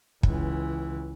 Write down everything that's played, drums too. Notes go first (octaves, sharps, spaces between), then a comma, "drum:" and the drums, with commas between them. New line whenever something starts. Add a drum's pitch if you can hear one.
C#2 E3, drum: kick